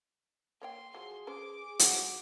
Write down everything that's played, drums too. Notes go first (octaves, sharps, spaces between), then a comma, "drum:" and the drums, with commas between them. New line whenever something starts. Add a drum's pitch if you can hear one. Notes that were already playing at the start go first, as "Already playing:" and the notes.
A#3 C#5 G5 C6
F3 F#3 G#4 C6
C#4 B4 C5 D6
F3 C#4 F#4 C5, drum: hi-hat